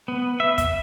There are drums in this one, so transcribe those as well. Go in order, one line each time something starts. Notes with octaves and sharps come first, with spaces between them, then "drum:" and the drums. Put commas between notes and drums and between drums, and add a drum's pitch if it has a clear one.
B3
E5
E5, drum: kick, hi-hat